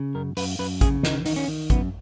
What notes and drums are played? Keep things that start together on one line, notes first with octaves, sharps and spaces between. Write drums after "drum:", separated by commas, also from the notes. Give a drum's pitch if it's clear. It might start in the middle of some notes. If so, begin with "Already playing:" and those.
Already playing: C#3
F#2 A#4
F#2 B4, drum: open hi-hat
F#2 B4
C#3 G#4, drum: kick A1, hi-hat
D#3 D#4, drum: snare
D#3 D#4, drum: open hi-hat
C#4
D#3
F#2 B3, drum: kick A1, hi-hat